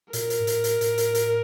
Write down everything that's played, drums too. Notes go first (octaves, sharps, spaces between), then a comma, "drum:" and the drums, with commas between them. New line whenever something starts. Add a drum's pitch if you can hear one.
A#2 A#4, drum: hi-hat
drum: hi-hat
G#2
A2, drum: hi-hat
drum: hi-hat
A2, drum: hi-hat
drum: hi-hat
drum: hi-hat